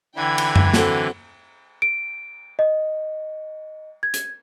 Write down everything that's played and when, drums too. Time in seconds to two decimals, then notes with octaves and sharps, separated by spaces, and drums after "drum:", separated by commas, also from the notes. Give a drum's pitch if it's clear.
0.16 D3 E3 G5 B5 G#6
0.38 drum: cymbal
0.56 drum: tom F#2
0.74 F#3 C4 A4, drum: snare
1.82 D7
2.59 D#5
4.03 G#6
4.14 drum: hi-hat